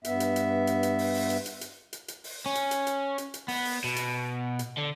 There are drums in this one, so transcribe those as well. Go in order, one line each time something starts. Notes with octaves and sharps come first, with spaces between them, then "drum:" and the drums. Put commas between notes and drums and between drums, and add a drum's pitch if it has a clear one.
G2 B3 E5, drum: hi-hat
drum: hi-hat
drum: hi-hat
drum: hi-hat
drum: hi-hat
drum: open hi-hat
drum: open hi-hat
drum: hi-hat
drum: hi-hat
drum: hi-hat
drum: hi-hat
drum: hi-hat
drum: open hi-hat
C#4
drum: hi-hat
drum: hi-hat
drum: hi-hat
drum: hi-hat
drum: hi-hat
B3, drum: open hi-hat
drum: open hi-hat
B2
drum: hi-hat
drum: hi-hat
D3